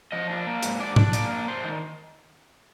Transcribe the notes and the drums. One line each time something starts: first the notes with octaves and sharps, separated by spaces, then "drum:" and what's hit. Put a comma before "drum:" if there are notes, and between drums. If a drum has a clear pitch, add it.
F3 D#5
D4
A#3
G#2, drum: hi-hat
D4 D5
D4, drum: tom G#2
A#3 D5, drum: hi-hat
D4
D4 C5
D#3